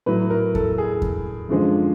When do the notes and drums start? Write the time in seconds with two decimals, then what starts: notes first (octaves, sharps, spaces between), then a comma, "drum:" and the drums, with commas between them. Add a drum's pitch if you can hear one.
0.06 A2 F#3 B4
0.30 A#4
0.55 A4, drum: kick E2
0.78 G#4
1.02 drum: kick E2
1.49 F#2 D3 F3 G#3